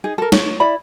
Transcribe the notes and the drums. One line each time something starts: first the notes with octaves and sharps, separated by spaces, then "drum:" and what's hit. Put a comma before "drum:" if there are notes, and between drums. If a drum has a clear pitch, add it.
D#4 G#4
A4 A#4
C#5, drum: snare
E4 D5 B5